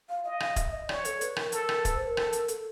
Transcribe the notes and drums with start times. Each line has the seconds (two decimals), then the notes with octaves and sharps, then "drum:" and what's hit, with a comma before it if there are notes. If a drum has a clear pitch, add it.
0.09 F5
0.24 D#5 F5
0.40 F5, drum: rim click
0.56 E5, drum: kick D#1, hi-hat
0.73 D#5
0.89 C#5 D5, drum: rim click
1.05 A4, drum: hi-hat
1.21 B4, drum: hi-hat
1.36 A#4, drum: rim click
1.52 A4, drum: hi-hat
1.69 drum: rim click
1.85 B4, drum: kick D#1, hi-hat
1.96 C5
2.06 A#4
2.17 A4, drum: rim click
2.33 drum: hi-hat
2.48 A4, drum: hi-hat